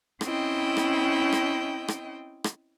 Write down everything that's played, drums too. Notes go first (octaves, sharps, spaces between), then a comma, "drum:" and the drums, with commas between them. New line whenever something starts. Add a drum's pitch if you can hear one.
C4 C#4 E4 D#5 G5, drum: rim click
drum: rim click
drum: rim click
drum: rim click
drum: rim click